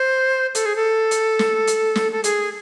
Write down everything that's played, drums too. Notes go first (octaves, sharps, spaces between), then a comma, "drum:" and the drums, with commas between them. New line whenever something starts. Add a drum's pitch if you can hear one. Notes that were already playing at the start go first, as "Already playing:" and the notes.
Already playing: C5
A4, drum: hi-hat
G#4
A4
drum: hi-hat
drum: snare
drum: hi-hat
drum: snare
A4
G#4, drum: hi-hat